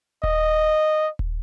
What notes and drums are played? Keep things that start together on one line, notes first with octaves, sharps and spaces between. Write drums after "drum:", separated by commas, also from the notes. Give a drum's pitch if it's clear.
D#5, drum: kick D#1
drum: kick D#1